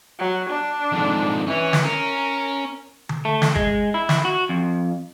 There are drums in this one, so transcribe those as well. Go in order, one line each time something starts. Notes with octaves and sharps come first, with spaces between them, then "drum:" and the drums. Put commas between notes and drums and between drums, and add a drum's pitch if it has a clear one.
F#3
D4
F2 G#2
E3 C#4
drum: snare
C#4 A#4
drum: tom D3
A3
drum: snare
G#3, drum: kick
E4
drum: snare
F#4
F2